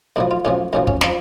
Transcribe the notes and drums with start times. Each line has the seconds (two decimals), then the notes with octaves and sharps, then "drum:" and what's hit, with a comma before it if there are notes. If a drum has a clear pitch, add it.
0.16 B1 A2 F3 D4
0.31 F4
0.45 B1 A2 F3 C#4
0.73 B1 A2 F3 C#4
0.87 C#4, drum: kick
1.01 F3 D4, drum: snare